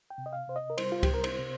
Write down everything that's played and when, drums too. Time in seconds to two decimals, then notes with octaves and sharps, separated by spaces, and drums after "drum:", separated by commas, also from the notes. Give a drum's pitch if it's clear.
0.10 G5
0.18 C3
0.26 D#5
0.33 F5
0.48 C3 C5
0.56 D#5
0.70 A#4
0.78 G3 C5, drum: cymbal
0.92 F4
1.03 G4, drum: kick C#2, cymbal
1.08 C3
1.14 A#4
1.24 C5, drum: cymbal
1.39 C3